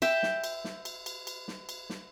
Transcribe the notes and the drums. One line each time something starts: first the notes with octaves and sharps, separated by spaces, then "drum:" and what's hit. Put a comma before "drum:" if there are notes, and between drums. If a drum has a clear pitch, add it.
E5 G5, drum: cymbal
drum: snare
drum: cymbal
drum: snare
drum: cymbal
drum: cymbal
drum: cymbal
drum: snare
drum: cymbal
drum: snare